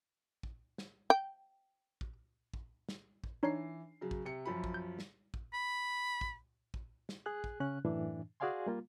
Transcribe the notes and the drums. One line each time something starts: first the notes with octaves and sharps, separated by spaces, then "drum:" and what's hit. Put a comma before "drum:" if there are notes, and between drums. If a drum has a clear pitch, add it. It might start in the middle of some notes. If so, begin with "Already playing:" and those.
drum: kick
drum: snare
G5
drum: kick
drum: kick
drum: snare
drum: kick
E3 D4 D#4 C#5 C7
C#3 F#3
drum: kick
C3 C#7
F#2 F3 B5
drum: kick
G6
drum: snare
drum: kick
B5
drum: kick
drum: kick
drum: snare
G#4 F#6
drum: kick
C#3 C#4 F#6
F#2 A2 E3 D4
F#4 G#4 D5 F5 G#5 C6
G3 A#3 F4